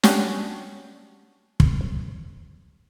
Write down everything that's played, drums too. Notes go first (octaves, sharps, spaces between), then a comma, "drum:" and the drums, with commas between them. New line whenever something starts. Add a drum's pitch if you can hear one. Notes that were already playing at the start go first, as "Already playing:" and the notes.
C#4 D4 F#4 G4, drum: snare
drum: kick